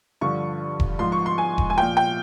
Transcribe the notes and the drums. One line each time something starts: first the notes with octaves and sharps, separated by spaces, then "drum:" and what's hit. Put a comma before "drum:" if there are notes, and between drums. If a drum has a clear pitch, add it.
G2 D3 F3 C#6
drum: kick E1
G#2 F3 C6
C#6
C6
G#5
drum: kick E1
G#5
A#2 F3 G5
G5